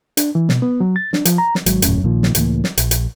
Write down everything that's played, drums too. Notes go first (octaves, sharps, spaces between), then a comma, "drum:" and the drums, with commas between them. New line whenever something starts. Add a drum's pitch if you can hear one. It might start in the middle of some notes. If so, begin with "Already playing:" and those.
D4, drum: hi-hat
E3
B2, drum: snare
B3
F#3
A6
D4, drum: snare
F3, drum: hi-hat
A#5
drum: snare
G#1 G#2 F#3, drum: hi-hat
D#1 F#2 A2 C#4, drum: hi-hat
A#1 A#2 D#3 F3
drum: snare
C#2 A2 E3 A#3, drum: hi-hat
drum: snare
A#1, drum: hi-hat
drum: hi-hat